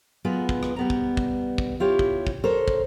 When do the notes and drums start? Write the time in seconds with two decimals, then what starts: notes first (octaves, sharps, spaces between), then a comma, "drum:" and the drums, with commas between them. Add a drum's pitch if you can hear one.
0.24 F#3 G#3 B3 F4 B4
0.49 drum: kick
0.63 drum: rim click
0.76 G3 B3 A#5
0.90 drum: kick
1.17 drum: kick
1.58 drum: kick
1.80 E4 F4 G4 C#5
1.99 drum: kick
2.27 drum: kick
2.44 A4 A#4 C5 C#5
2.68 drum: kick